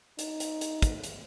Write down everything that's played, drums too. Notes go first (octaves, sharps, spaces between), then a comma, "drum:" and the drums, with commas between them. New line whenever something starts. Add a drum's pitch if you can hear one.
D#4, drum: hi-hat
drum: hi-hat
drum: hi-hat
drum: kick, hi-hat
drum: hi-hat